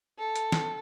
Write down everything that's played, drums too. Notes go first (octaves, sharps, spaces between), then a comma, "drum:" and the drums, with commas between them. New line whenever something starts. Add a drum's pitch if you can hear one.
A4
drum: hi-hat
drum: snare